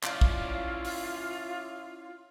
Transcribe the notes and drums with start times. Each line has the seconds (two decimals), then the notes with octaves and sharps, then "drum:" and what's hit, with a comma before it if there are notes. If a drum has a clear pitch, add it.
0.04 C#4 E4 F4 D5, drum: clap
0.21 drum: kick
0.85 drum: open hi-hat